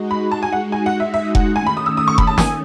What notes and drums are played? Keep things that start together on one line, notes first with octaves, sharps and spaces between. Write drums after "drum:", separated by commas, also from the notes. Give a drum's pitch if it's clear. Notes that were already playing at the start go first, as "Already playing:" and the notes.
Already playing: G#3 D#4 F#4
B5
A5
G#5
F#5
G#5
F#5
E5
E5
F#5, drum: kick F1
D#3 A3 C#4 G#5
B5
D#6
E6
D#6
C#6
B5, drum: kick F1
A5
G#5, drum: snare